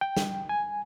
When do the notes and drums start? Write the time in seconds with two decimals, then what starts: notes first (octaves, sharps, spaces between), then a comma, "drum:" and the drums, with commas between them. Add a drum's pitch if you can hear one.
0.01 G5
0.17 drum: snare
0.49 G#5